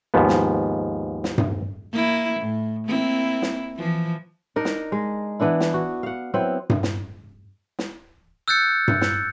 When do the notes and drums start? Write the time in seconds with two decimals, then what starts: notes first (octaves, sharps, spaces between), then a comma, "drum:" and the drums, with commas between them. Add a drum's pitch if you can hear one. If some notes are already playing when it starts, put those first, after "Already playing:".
0.14 D#2 G#2 F3 B3
0.29 drum: snare
1.24 drum: snare
1.38 drum: tom G2
1.92 A#3 E4
2.40 A2
2.87 A#3 C4 E4
3.42 drum: snare
3.76 E3 F3
4.56 D4 D#4 A#4
4.65 drum: snare
4.92 G#3
5.40 E3 B3 D4 E4
5.60 drum: snare
5.74 F#4
6.03 F5 F#5
6.34 F#3 B3 C4 E4
6.70 drum: tom G2
6.83 drum: snare
7.79 drum: snare
8.48 E6 F#6 G6 A6 C#7
8.88 drum: tom G2
9.01 drum: snare